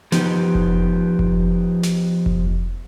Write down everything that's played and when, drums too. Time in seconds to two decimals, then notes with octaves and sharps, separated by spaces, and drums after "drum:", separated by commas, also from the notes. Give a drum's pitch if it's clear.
0.12 F3 B3 D#4 G4, drum: snare
0.55 drum: kick F1
1.19 drum: kick F1
1.83 drum: snare
2.26 drum: kick F1